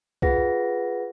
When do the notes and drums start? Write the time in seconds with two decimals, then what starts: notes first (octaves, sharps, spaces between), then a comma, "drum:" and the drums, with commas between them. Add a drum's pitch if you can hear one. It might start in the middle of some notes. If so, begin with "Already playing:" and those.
0.22 F4 G#4 B4 F#5 A#6, drum: kick C2